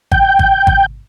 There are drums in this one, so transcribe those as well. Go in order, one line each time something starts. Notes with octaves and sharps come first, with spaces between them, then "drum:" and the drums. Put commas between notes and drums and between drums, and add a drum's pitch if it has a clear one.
G5, drum: kick G#1
drum: kick G#1
drum: kick G#1